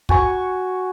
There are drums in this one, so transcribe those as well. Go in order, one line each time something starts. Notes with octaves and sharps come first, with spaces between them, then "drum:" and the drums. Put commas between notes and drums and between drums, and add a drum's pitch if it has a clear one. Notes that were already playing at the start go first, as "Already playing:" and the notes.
F#4 G#5 C#6, drum: kick